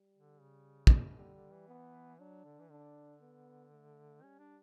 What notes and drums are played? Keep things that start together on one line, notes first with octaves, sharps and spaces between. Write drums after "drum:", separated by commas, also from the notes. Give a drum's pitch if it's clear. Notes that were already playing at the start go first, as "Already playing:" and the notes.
Already playing: G3
D3
C#3
drum: kick
D3 G3
D3
E3
B3
F#3 D4
D3
E3
D3 D4
B3
A3
G3 C#4
D4